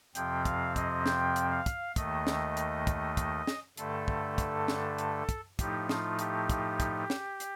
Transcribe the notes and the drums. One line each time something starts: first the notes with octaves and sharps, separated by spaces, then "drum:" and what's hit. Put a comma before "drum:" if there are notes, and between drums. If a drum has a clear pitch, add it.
F2 C3 F3 C4 G5, drum: hi-hat
F5, drum: kick, hi-hat
D#5, drum: kick, hi-hat
G5, drum: snare
drum: hi-hat
F5
drum: kick, hi-hat
D#2 D#3 A3 D#5, drum: kick, hi-hat
drum: snare
drum: hi-hat
drum: kick, hi-hat
drum: kick, hi-hat
drum: snare
G2 D3 A3 A4, drum: hi-hat
drum: kick
drum: kick, hi-hat
drum: snare
drum: hi-hat
drum: kick, hi-hat
A2 F3 A3 D#4 G4, drum: kick, hi-hat
F4, drum: snare
G4, drum: hi-hat
drum: kick, hi-hat
drum: kick, hi-hat
drum: snare
drum: hi-hat